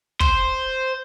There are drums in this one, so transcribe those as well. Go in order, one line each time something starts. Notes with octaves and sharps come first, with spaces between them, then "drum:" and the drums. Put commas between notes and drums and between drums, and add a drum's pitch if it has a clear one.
C5, drum: kick